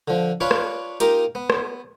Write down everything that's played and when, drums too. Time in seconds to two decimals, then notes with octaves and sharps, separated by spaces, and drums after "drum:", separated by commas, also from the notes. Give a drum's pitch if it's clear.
0.08 D3 F3
0.41 D4 F4 B4 C#5 F5
0.51 drum: rim click
1.00 A#3 D#4 F4 G4 A#4, drum: hi-hat
1.35 B3
1.50 drum: rim click